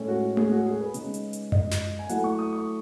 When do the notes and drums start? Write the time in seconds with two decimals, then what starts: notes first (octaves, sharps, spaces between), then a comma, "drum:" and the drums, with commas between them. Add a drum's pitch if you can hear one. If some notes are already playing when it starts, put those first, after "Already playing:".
Already playing: A2 G#3 C#4
0.08 F#4
0.37 G#4, drum: tom A3
0.51 F#4
0.66 G#4
0.80 B4
0.94 C#3 G#3 D#4, drum: hi-hat
1.14 drum: hi-hat
1.33 drum: hi-hat
1.52 D#5, drum: tom F#2
1.71 drum: snare
1.99 G#5
2.09 F#3 A3 E4 F#5, drum: hi-hat
2.24 C#6
2.38 D#6
2.53 C#6